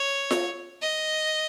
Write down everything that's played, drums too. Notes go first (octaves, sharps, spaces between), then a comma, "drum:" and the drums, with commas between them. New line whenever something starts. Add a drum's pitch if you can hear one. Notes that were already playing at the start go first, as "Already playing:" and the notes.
Already playing: C#5
drum: snare F4
D#5